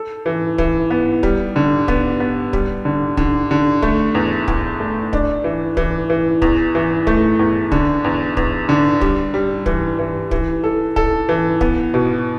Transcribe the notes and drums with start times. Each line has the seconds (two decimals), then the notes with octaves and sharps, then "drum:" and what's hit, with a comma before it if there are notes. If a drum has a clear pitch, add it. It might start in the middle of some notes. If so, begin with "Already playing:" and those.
Already playing: A4
0.26 E3
0.58 E3, drum: kick
0.91 B3
1.23 G3, drum: kick
1.56 D3
1.88 B3, drum: kick
2.20 B3
2.53 G3, drum: kick
2.85 D3
3.17 D3, drum: kick
3.51 D3
3.82 A3, drum: kick
4.15 E2
4.48 E2, drum: kick
4.80 A3
5.13 D4, drum: kick
5.44 E3
5.77 E3, drum: kick
6.10 E3
6.42 E2, drum: kick
6.75 E3
7.07 A3, drum: kick
7.39 E2
7.72 D3, drum: kick
8.04 E2
8.37 E2, drum: kick
8.69 D3
9.01 G3, drum: kick
9.34 G3
9.66 E3, drum: kick
9.99 E3
10.31 E3, drum: kick
10.64 A4
10.96 A4, drum: kick
11.29 E3
11.61 B3, drum: kick
11.94 B2